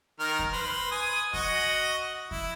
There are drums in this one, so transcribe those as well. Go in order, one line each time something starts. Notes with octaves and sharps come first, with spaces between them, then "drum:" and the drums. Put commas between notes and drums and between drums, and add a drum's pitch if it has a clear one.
D#3 A#4 F6
drum: kick E2
B4 C5
G#5 D#6
F#4 D#5 F#5, drum: kick E2
E4, drum: kick E2